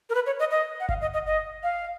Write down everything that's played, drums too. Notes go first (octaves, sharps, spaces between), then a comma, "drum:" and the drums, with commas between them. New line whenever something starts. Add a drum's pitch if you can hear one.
A#4
B4
C#5
D#5
D#5
F#5
F5, drum: kick G1
D#5
D#5
D#5
F5